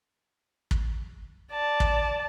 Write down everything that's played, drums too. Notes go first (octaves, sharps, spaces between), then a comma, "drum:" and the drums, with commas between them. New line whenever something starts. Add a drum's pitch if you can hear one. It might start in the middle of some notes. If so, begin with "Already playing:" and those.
drum: kick
D5 A5
drum: kick